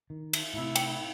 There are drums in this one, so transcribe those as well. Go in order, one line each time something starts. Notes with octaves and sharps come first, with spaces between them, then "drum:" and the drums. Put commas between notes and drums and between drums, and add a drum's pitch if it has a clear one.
D#3
drum: cymbal
A2 C3 E4
G5, drum: cymbal